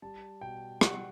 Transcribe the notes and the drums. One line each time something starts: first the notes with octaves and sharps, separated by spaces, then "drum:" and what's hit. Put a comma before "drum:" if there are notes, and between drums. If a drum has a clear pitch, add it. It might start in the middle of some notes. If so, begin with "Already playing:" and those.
G3 A5
B2 G5
G3 F#5, drum: rim click